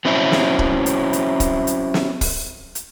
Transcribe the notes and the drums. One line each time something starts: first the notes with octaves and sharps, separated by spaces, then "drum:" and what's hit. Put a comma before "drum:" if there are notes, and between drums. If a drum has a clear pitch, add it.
F#3 C4 C#4 E4
drum: snare
drum: kick
drum: hi-hat
drum: hi-hat
drum: kick, hi-hat
drum: hi-hat
drum: snare
drum: kick, open hi-hat
drum: hi-hat